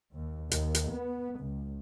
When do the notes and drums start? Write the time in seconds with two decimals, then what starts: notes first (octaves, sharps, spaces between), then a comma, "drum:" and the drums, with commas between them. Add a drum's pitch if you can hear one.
0.13 D#2
0.51 D#2, drum: hi-hat
0.75 drum: hi-hat
0.91 B3
1.40 C#2